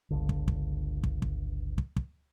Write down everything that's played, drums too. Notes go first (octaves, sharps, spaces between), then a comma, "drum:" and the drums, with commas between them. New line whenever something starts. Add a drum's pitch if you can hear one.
G1 C#2 D3
drum: kick
drum: kick
drum: kick
drum: kick
drum: kick
drum: kick